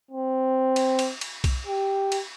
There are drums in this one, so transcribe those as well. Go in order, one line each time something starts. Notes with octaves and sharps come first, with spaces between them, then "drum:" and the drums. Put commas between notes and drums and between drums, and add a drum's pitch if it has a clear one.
C4
drum: cymbal
drum: cymbal
drum: cymbal
drum: kick B1, cymbal
G4
drum: cymbal